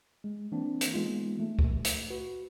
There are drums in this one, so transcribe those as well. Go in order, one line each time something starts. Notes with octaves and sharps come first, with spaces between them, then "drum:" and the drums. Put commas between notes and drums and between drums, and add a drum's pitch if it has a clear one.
G#3
E3 A#3 C4 D4
drum: hi-hat
E3 G#3 A#3 B3 D#4 F4
A3
drum: kick
drum: hi-hat
F#4 B4